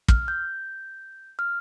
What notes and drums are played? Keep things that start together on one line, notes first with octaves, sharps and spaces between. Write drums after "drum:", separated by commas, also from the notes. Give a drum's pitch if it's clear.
F6, drum: kick
G6
F6